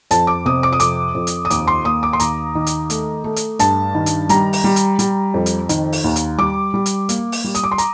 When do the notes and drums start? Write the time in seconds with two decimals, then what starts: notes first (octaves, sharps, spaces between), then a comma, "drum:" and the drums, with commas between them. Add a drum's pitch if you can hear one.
0.11 F2 A5, drum: hi-hat
0.27 D6
0.45 C3 D#6
0.63 D6
0.73 D#6
0.80 F2 D6, drum: hi-hat
1.15 F2
1.27 drum: hi-hat
1.45 D#6
1.50 D#2 D6, drum: hi-hat
1.68 C6
1.85 A#3 D#6
2.03 D6
2.13 C6
2.20 D#2 A#5, drum: hi-hat
2.55 D#3
2.67 drum: hi-hat
2.90 A3, drum: hi-hat
3.24 A3
3.36 drum: hi-hat
3.59 G2 A5, drum: hi-hat
3.95 D#3
4.06 drum: hi-hat
4.29 G3 A#5, drum: hi-hat
4.53 drum: open hi-hat
4.64 G3
4.76 drum: hi-hat
4.99 G3, drum: hi-hat
5.34 F2
5.46 drum: hi-hat
5.69 D#3, drum: hi-hat
5.93 drum: open hi-hat
6.04 D#2
6.16 drum: hi-hat
6.39 G3 D6
6.74 G3
6.86 drum: hi-hat
7.09 A#3, drum: hi-hat
7.32 drum: open hi-hat
7.44 G3
7.55 D#6, drum: hi-hat
7.64 D6
7.72 C6
7.78 A#5, drum: hi-hat